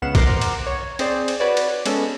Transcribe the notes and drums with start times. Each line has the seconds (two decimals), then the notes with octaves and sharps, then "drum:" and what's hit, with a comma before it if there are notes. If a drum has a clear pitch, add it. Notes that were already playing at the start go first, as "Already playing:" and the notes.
0.02 C#2 C#3 B3 F5 F#5 E7
0.15 A#4 C5 F#5 A#5 C6 D6, drum: kick B1, cymbal
0.41 drum: cymbal
0.67 C#5
0.99 C4 G#4 C5 D5, drum: cymbal
1.28 drum: cymbal
1.40 F#4 B4 C#5 D5
1.57 drum: cymbal
1.86 G#3 B3 C#4 A4, drum: cymbal